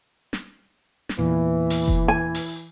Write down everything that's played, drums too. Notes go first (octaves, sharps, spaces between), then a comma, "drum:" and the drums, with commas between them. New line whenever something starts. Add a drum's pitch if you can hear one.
drum: snare
drum: snare
E2 A#2 E3
drum: open hi-hat
drum: kick F1
G#5
drum: open hi-hat